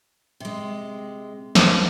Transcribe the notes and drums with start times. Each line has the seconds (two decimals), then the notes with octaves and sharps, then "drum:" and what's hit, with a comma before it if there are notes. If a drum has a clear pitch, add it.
0.40 C3 G#3
1.55 drum: snare